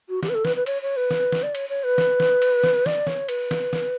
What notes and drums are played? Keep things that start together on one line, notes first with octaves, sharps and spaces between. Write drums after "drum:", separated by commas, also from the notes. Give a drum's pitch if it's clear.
F#4
G4, drum: snare
B4
A4
B4, drum: snare
B4
C#5, drum: cymbal
C#5
B4
drum: snare
drum: snare
D5
C#5, drum: cymbal
C#5
B4
drum: snare
drum: snare
drum: cymbal
drum: snare
D5, drum: snare
C#5, drum: snare
B4, drum: cymbal
drum: snare
drum: snare